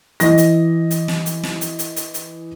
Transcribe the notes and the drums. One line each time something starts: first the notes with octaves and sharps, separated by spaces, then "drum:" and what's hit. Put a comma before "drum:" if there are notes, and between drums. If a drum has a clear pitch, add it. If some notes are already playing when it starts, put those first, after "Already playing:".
E3 D#5 A#6, drum: hi-hat
drum: hi-hat
drum: hi-hat
drum: snare
drum: hi-hat
drum: snare
drum: hi-hat
drum: hi-hat
drum: hi-hat
drum: hi-hat